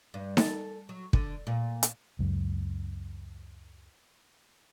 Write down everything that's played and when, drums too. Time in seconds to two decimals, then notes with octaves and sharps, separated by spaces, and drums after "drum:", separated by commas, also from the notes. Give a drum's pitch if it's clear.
0.14 G2
0.37 A4, drum: snare D#4
0.89 F#3
1.13 D3, drum: kick
1.47 A#2
1.83 drum: hi-hat
2.19 C#2 F#2